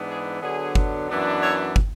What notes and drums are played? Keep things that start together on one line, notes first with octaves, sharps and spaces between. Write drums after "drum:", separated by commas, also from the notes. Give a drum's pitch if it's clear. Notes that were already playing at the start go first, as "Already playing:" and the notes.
Already playing: G#2 E3 B3 D4
G#4
D3 F#3 B3 D4 G#4
drum: kick
F#2 E3 B3 D4
C#5 E5
drum: kick